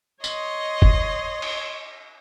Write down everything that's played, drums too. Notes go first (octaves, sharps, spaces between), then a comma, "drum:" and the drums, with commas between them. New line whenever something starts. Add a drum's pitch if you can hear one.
C#5 D#5 C6, drum: tambourine
drum: kick
drum: cymbal